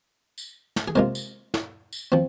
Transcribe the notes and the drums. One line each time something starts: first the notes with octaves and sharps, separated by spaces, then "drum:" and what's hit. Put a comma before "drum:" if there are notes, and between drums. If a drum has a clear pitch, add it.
drum: tambourine
drum: snare
G#4
C3 G#3 F4 A#4
drum: tambourine
drum: snare
drum: tambourine
F3 C4